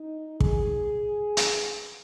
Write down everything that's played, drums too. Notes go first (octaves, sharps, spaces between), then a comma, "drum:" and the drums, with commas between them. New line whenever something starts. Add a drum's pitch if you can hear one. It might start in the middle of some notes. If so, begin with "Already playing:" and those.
Already playing: D#4
G#4, drum: kick
drum: hi-hat